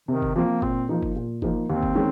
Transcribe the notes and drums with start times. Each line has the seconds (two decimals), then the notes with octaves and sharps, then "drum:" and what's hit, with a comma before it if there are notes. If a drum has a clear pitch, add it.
0.08 C3 D#3
0.22 drum: kick F#1
0.35 F3 A#3 C4 F4
0.62 A#2 C4, drum: kick F#1
0.89 F3 A#3 D#4
1.02 drum: kick F#1
1.16 A#2
1.42 F3 A#3 D#4, drum: kick F#1
1.69 D#2 C4
1.83 drum: kick F#1
1.95 D#3 G#3 C#4